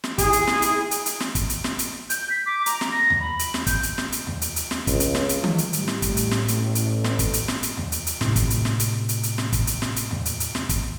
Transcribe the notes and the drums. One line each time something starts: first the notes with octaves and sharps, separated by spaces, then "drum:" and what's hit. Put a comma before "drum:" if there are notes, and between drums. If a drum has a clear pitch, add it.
drum: snare
E4 G#4, drum: kick, hi-hat
drum: hi-hat
drum: snare
drum: hi-hat
drum: hi-hat
drum: hi-hat
drum: snare
drum: kick, hi-hat
drum: hi-hat
drum: snare
drum: hi-hat
G6, drum: hi-hat
B6
D6
A#5, drum: hi-hat
drum: snare
A#6
drum: tom D#2
B5
drum: hi-hat
drum: snare
G6, drum: kick, hi-hat
drum: hi-hat
drum: snare
drum: hi-hat
drum: tom D#2
drum: hi-hat
drum: hi-hat
drum: snare
C#2, drum: kick, hi-hat
drum: hi-hat
drum: snare
drum: hi-hat
drum: tom D#3
drum: hi-hat
A2 G3, drum: hi-hat
drum: snare
drum: kick, hi-hat
drum: hi-hat
drum: snare
A1, drum: hi-hat
drum: hi-hat
drum: snare
drum: kick, hi-hat
drum: hi-hat
drum: snare
drum: hi-hat
drum: tom D#2
drum: hi-hat
drum: hi-hat
A2 C3, drum: snare
drum: kick, hi-hat
drum: hi-hat
drum: snare
drum: hi-hat
drum: hi-hat
drum: hi-hat
drum: snare
drum: kick, hi-hat
drum: hi-hat
drum: snare
drum: hi-hat
drum: tom D#2
drum: hi-hat
drum: hi-hat
drum: snare
drum: kick, hi-hat